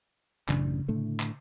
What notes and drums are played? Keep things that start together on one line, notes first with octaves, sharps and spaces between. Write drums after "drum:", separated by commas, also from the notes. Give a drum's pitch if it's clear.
A1 F#2 C#3 D4, drum: clap
A2 D3 A3
drum: clap